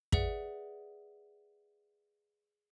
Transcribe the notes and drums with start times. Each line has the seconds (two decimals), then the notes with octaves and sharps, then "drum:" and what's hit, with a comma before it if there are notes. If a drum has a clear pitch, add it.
0.12 G#4 B4 D5 E5 F#5, drum: kick